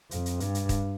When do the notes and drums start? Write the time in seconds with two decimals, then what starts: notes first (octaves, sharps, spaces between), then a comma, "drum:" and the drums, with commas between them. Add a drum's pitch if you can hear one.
0.11 F2, drum: hi-hat
0.26 drum: hi-hat
0.40 G2, drum: hi-hat
0.55 drum: hi-hat
0.69 drum: kick D#1, hi-hat